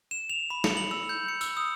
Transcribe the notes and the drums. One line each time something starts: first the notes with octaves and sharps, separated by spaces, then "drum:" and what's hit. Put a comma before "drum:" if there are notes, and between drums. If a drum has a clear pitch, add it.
E7
F7
B5
C#7, drum: snare
F#7
E6
G6
C#7
E6, drum: tambourine
D#6